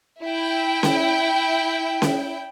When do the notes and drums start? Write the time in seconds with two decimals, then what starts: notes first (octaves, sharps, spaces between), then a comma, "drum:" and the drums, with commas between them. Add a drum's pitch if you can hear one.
0.24 E4 G5
0.83 drum: snare C#4
2.02 drum: snare C#4